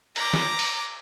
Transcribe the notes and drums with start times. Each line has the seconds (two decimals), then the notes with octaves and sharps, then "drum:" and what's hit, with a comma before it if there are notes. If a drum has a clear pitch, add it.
0.16 A#5 D6, drum: cymbal
0.34 drum: snare
0.59 drum: open hi-hat